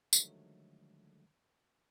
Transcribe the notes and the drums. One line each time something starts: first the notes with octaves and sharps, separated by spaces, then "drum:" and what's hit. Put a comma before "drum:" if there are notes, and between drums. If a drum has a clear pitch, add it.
D3 D#3 F3 F#3 G#3 A3, drum: tambourine